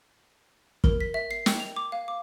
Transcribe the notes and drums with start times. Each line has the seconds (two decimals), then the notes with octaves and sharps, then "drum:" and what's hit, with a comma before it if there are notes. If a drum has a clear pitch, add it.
0.84 A#4, drum: kick
1.01 B6
1.14 E5
1.31 C7
1.46 G5, drum: snare
1.60 F7
1.76 D6
1.92 F5
2.08 D6